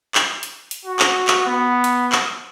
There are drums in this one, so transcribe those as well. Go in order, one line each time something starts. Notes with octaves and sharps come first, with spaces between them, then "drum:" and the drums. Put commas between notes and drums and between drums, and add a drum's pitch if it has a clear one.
drum: clap
drum: hi-hat
drum: hi-hat
F#4
drum: clap
drum: clap
B3
drum: hi-hat
drum: clap